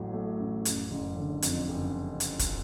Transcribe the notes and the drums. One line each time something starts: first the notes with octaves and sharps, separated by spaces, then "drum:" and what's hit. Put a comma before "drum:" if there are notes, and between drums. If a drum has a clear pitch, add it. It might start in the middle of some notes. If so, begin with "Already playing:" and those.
Already playing: A1 A2 F#3 A3
A3
A1
F#1, drum: hi-hat
F#1
D3
F2, drum: hi-hat
F#1
drum: hi-hat
drum: kick, hi-hat